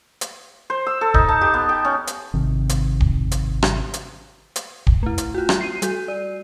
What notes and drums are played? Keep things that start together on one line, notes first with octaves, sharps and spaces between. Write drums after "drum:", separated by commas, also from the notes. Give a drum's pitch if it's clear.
drum: hi-hat
C5
E6
A4
D#4, drum: kick
A5
G4
B3
G5
C#4
drum: hi-hat
G#1 C3 D#3
drum: hi-hat
drum: kick
drum: hi-hat
drum: rim click
drum: hi-hat
drum: hi-hat
drum: kick
A3 E4
drum: hi-hat
F4 F#4
drum: rim click
C7 D#7
G3 F#4, drum: hi-hat
D5